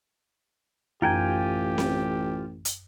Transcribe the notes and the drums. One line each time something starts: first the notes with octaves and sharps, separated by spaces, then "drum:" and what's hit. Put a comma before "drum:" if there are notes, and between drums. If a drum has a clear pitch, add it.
A1 F#2 D#4 F4 G4 G5 G#5 A#5
drum: snare C4
drum: hi-hat